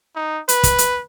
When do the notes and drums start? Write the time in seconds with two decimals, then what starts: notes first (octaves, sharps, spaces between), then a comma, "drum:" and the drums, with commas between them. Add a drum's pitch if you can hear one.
0.16 D#4
0.49 B4, drum: hi-hat
0.63 drum: kick, hi-hat
0.78 drum: hi-hat